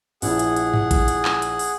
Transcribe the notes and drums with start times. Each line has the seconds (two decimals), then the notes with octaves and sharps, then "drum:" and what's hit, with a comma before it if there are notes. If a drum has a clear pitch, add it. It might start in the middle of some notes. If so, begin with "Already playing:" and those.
0.22 A#1 E4 G#4 F#5, drum: open hi-hat
0.39 drum: hi-hat
0.56 drum: hi-hat
0.74 drum: tom G2
0.91 drum: kick A#1, hi-hat
1.08 drum: hi-hat
1.25 drum: clap
1.42 drum: hi-hat
1.59 drum: open hi-hat